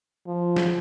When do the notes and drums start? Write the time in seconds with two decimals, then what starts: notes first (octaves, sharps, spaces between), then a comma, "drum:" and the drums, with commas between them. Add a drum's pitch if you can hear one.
0.27 F3
0.56 drum: snare